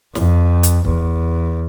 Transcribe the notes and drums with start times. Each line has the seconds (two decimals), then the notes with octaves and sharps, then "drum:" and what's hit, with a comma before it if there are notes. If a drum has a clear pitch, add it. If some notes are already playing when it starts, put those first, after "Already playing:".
0.15 F2, drum: snare
0.63 drum: hi-hat
0.85 E2, drum: kick C#1